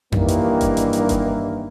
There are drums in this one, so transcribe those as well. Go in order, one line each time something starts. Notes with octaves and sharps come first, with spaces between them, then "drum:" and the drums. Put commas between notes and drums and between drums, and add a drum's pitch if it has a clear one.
G2 D#3 E3 A#3, drum: tom F2
drum: hi-hat
drum: kick F#1, hi-hat
drum: hi-hat
drum: hi-hat
drum: kick F#1, hi-hat